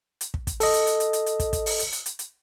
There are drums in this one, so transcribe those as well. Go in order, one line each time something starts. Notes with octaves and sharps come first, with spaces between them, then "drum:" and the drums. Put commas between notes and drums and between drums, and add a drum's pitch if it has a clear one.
drum: hi-hat
drum: kick
drum: kick, hi-hat
A4 D#5, drum: open hi-hat
drum: hi-hat
drum: hi-hat
drum: hi-hat
drum: hi-hat
drum: hi-hat
drum: kick, hi-hat
drum: kick, hi-hat
drum: open hi-hat
drum: hi-hat
drum: hi-hat
drum: hi-hat
drum: hi-hat